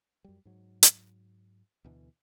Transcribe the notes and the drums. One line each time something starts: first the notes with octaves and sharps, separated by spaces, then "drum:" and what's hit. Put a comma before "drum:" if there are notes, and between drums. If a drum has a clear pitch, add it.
F#2 G3
G#2 F#3
drum: hi-hat
D2 B2 E3